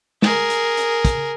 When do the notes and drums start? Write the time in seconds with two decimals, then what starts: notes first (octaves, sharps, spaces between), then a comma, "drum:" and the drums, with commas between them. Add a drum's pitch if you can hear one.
0.22 G#4 A#4, drum: snare
0.50 drum: hi-hat
0.77 drum: hi-hat
1.05 drum: kick, hi-hat